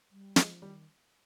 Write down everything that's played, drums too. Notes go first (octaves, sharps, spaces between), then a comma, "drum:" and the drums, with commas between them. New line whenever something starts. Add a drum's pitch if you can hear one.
G3
F3 G#3, drum: snare
D#3 G3